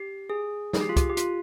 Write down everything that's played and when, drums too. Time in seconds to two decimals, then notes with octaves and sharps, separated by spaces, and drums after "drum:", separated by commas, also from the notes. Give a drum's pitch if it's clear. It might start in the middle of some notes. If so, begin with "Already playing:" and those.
Already playing: G4
0.30 G#4
0.73 G#4, drum: snare
0.81 G4
0.89 F4
0.96 G4, drum: kick C2, hi-hat
1.09 G4
1.17 F4, drum: hi-hat